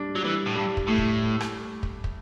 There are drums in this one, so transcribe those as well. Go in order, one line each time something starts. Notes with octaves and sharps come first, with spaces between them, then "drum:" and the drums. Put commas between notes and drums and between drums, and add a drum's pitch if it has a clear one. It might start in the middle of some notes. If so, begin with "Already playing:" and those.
Already playing: G3 D4
F#3
E3 G3
A2
G2 G4
drum: kick
A2 A3
drum: kick
drum: rim click
drum: kick
drum: kick